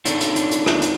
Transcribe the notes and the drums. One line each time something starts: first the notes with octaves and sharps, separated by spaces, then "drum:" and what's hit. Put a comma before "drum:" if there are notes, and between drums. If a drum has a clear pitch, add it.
C4 D4 D#4 A4 C#5, drum: hi-hat
drum: hi-hat
drum: hi-hat
drum: hi-hat
drum: rim click
drum: hi-hat